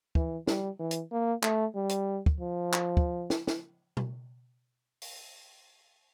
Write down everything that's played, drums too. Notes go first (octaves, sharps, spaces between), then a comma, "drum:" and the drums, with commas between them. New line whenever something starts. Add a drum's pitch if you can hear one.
E3, drum: kick
G3, drum: snare
E3
drum: hi-hat
A#3
A3, drum: clap
G3
drum: hi-hat
drum: kick
F3
drum: clap
drum: kick
drum: snare
drum: snare
drum: tom B2
drum: open hi-hat